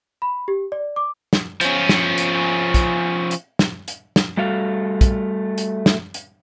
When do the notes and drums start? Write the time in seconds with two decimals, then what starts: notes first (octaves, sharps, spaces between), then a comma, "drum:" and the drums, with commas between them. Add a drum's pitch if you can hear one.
0.22 B5
0.48 G4
0.72 D5
0.96 D6
1.33 drum: snare
1.61 F3 C#4, drum: hi-hat
1.89 drum: snare
2.18 drum: hi-hat
2.74 drum: kick, hi-hat
3.31 drum: hi-hat
3.59 drum: snare
3.88 drum: hi-hat
4.16 drum: snare
4.37 G3 A3 F#4 A4 F5
5.01 drum: kick, hi-hat
5.58 drum: hi-hat
5.86 drum: snare
6.14 drum: hi-hat